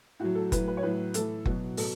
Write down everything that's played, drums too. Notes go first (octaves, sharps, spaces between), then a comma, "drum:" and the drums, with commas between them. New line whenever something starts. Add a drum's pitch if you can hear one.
A2 F#3 F#4
A4
A2 F#3 B4, drum: kick F#1, hi-hat
B4
C#5
A2 F#3 B4
A2 E3 A4, drum: hi-hat
B2 F#3 F#4, drum: kick F#1
B2 F#3 A4, drum: open hi-hat